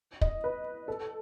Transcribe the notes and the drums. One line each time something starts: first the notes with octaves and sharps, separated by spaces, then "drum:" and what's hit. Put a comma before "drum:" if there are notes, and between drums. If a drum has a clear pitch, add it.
D#5, drum: kick
B4
A4